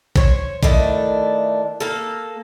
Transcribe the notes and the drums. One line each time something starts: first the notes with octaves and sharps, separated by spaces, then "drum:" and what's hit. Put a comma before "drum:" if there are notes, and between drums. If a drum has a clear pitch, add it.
C5 C#5, drum: kick A#1
D#3 A3 D4 E4, drum: kick A#1
A#3 A4